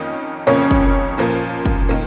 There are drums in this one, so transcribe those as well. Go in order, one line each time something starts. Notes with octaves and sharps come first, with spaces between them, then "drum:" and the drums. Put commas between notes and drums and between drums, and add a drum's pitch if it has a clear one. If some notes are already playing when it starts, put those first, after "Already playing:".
Already playing: F2 D#3 A#3 C#4 D#5
F2 C#3 A#3 C#4 C#5
drum: kick, hi-hat
A#2 F3 A#3, drum: hi-hat
drum: kick, hi-hat
D#3 A#3